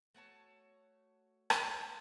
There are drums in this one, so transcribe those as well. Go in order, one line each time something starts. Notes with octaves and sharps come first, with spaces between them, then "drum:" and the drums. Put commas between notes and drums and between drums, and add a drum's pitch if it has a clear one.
A3 F#4 C#5 A5
drum: rim click